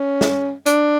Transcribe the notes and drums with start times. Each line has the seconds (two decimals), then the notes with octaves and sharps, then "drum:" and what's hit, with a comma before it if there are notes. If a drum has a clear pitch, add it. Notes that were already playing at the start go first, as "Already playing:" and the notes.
Already playing: C#4
0.21 drum: snare G#4
0.66 D4, drum: hi-hat